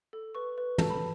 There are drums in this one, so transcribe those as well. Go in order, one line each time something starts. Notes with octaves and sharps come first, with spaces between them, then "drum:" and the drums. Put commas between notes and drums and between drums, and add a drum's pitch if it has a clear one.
A4
B4 C#6
B4
A4 A5, drum: tom
B5